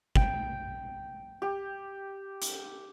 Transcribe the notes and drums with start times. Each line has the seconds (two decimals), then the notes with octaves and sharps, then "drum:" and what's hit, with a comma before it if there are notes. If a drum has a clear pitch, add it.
0.16 G5, drum: kick G1
1.42 G4
2.42 drum: hi-hat